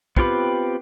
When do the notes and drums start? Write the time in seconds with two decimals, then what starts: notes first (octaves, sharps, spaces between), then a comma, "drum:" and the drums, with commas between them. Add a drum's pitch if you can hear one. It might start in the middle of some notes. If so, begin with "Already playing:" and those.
0.17 B3 C4 F4 G4 B4, drum: kick